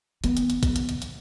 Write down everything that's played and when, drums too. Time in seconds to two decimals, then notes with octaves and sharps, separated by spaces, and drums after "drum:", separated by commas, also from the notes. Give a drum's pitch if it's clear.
0.24 D#3 B3, drum: hi-hat
0.37 drum: hi-hat
0.50 drum: hi-hat
0.63 drum: kick, hi-hat
0.76 drum: hi-hat
0.89 drum: hi-hat
1.02 drum: hi-hat